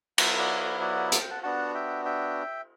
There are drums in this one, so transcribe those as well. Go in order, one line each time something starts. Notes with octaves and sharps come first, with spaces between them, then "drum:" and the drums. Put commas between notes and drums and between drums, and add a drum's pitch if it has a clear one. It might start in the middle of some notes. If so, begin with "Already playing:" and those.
F#3 B3 E4 F#5 A5, drum: cymbal
D5 F#5
D5 F#5
D5 F#5
A5, drum: hi-hat
G5
F#5 A5
B3 D4 F#4 F#5 A5
E5 G5
E5 G5